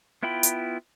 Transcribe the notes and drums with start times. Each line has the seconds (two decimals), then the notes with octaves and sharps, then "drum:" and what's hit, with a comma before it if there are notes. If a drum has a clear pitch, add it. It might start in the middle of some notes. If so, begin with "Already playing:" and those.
0.23 B3 E4 F4 G5 B5
0.43 drum: hi-hat